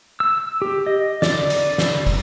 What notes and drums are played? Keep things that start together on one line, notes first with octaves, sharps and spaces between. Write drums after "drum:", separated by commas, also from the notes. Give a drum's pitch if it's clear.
E6
G4
D#5
D5, drum: snare
drum: hi-hat
drum: snare
drum: kick, open hi-hat